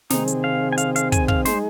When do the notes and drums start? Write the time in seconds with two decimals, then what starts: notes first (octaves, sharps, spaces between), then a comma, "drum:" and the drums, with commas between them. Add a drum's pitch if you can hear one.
0.10 C3 D#3 C4 D#4 G#4, drum: snare
0.28 drum: hi-hat
0.44 F5
0.72 G#5
0.78 F5, drum: hi-hat
0.96 F5, drum: hi-hat
1.12 G#5, drum: kick, hi-hat
1.28 F5, drum: kick
1.45 G#3 D#4 G#4 C5, drum: snare